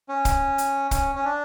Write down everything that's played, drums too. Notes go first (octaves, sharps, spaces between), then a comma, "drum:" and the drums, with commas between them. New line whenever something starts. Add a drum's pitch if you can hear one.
C#4
drum: kick, hi-hat
drum: hi-hat
C#4, drum: kick, hi-hat
C#4
D4